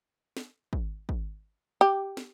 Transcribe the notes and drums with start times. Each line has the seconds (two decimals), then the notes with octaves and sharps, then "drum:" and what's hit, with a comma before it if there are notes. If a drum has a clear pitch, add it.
0.37 drum: snare
0.73 drum: kick
1.09 drum: kick
1.81 G4
2.17 drum: snare